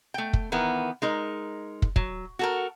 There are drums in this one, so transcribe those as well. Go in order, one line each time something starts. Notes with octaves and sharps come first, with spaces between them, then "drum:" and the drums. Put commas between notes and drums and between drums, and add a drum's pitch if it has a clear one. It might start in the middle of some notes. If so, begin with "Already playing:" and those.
A3 G5
drum: kick
D#3 E3 B3 A#4
G#3 D#4 A#4
drum: kick
F#3, drum: kick
F#4 A4 A#4